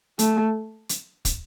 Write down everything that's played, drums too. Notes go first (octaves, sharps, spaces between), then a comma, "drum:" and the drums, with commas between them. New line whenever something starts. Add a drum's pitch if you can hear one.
A3, drum: hi-hat
drum: hi-hat
drum: kick, hi-hat